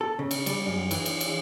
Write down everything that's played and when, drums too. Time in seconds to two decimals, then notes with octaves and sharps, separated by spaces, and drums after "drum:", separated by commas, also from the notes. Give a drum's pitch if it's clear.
0.01 A4
0.19 C#3
0.31 drum: cymbal
0.46 G3, drum: cymbal
0.67 F#2
0.91 E3, drum: cymbal
1.06 drum: cymbal
1.21 drum: cymbal